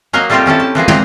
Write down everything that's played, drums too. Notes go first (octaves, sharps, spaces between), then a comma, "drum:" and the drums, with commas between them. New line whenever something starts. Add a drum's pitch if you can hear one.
F#3 A#3 A#4 D#5 A#5
G3 A3 C4 F4 G4 G5
C4 C#4 E4 A4
A5
E3 F3 A#3 G#4
A#2 E3 C4 A#5, drum: tom